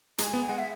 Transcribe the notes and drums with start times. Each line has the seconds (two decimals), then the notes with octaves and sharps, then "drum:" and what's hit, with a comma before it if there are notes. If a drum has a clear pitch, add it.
0.18 G#3 A#5, drum: hi-hat
0.23 G#5
0.33 B3
0.49 G#3 F#5
0.59 E5